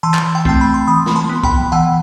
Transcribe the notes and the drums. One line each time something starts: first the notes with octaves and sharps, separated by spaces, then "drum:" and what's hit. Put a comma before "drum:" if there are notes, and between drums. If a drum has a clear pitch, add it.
E3 A5 C6
drum: clap
G5
A3 C4 A5, drum: kick
B5
C6
E3 B5 D#6
drum: snare
A5 C6
B3
G5 B5, drum: kick
E3 F#5 A5